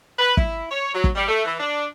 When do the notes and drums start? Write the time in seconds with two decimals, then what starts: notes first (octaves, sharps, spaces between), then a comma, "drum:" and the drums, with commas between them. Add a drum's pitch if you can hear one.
0.19 B4
0.37 E4, drum: kick
0.71 C#5
0.95 F#3
1.04 drum: kick
1.16 G3
1.28 A3
1.45 E3
1.60 D4